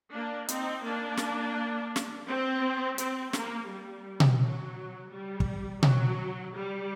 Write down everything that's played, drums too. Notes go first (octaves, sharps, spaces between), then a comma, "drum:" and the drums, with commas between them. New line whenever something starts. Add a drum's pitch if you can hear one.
A#3 D4
C4 D#4, drum: hi-hat
A#3 D4
drum: snare
drum: snare
C4
C4, drum: hi-hat
A#3, drum: snare
G3
drum: tom B2
F#3
G3
drum: kick
F#3, drum: tom B2
G3